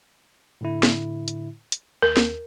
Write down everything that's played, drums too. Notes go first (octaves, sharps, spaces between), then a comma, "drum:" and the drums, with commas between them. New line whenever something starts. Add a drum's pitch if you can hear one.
A2 D3 E4
drum: snare
drum: hi-hat
drum: hi-hat
D#2 A#4
drum: snare